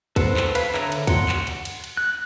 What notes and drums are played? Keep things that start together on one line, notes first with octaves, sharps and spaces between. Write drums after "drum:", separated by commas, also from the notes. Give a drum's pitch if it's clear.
A4 B4 C5 F#5, drum: kick, cymbal
drum: clap
B4 F5, drum: cymbal
D3 A4 C#5 E5 A#5, drum: clap
drum: cymbal
F#5 C6, drum: kick, cymbal
drum: clap
drum: cymbal
drum: cymbal
drum: cymbal
F#6